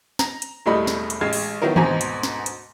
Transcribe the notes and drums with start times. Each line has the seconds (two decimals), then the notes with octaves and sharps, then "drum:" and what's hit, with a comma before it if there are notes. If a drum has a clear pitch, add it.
0.19 A#5, drum: snare
0.42 drum: hi-hat
0.66 E1 A2 G3 A3 D#5 B5
0.87 drum: snare
1.10 drum: hi-hat
1.21 A1 G#3 F6 G#6 C7
1.33 drum: open hi-hat
1.62 D#3 F3 F#3 B3 E4 A#4
1.76 D2 G#2 B2 C4 G#5 A#5, drum: tom D#3
2.01 drum: hi-hat
2.23 drum: snare
2.46 drum: hi-hat